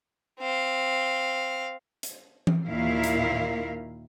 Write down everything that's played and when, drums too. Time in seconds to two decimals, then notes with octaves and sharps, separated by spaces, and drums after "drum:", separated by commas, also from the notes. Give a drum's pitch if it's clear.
0.40 C4 F5
2.03 drum: hi-hat
2.47 drum: tom E3
2.68 D#2 A#2 D#3 E4 A#4 F5
3.04 drum: hi-hat